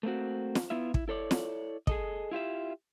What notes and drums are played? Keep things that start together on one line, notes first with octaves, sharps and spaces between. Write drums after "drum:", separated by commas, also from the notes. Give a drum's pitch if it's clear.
A3 A#3 C4 F#4
drum: snare
B3 E4 F4 E5
E4, drum: kick
E4 A4 C#5 D5
drum: snare
G#4 A4 D#5, drum: kick
E4 F4 G4 E5